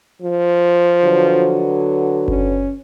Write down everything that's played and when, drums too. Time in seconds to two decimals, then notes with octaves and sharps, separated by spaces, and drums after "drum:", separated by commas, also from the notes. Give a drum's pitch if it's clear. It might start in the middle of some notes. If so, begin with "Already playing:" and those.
0.22 F3
1.04 D3 F#3 B4
2.28 C#4, drum: kick F#1